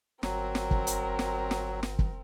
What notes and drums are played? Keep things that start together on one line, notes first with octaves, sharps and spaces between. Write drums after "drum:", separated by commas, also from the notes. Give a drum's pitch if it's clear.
G1 F#3 C4 A#4, drum: snare
drum: snare
drum: kick
drum: hi-hat
drum: snare
drum: snare
drum: snare
drum: kick